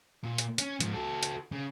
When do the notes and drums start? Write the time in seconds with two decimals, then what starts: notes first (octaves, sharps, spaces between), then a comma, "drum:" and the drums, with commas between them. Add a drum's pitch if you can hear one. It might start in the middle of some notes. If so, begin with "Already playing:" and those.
0.24 A#2
0.38 drum: hi-hat
0.58 C#4, drum: hi-hat
0.80 G#2 F3, drum: hi-hat
0.94 F#4 A4
1.23 drum: hi-hat
1.52 C#3